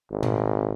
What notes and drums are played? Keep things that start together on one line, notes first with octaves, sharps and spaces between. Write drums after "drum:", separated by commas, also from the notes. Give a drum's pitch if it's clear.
G#1
drum: tom A#2